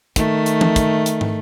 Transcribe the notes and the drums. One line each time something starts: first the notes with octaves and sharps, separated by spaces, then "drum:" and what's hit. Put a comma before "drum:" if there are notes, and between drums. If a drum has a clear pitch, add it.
D#3 A3, drum: kick, hi-hat
drum: hi-hat
drum: tom E3
drum: kick, hi-hat
drum: hi-hat
drum: tom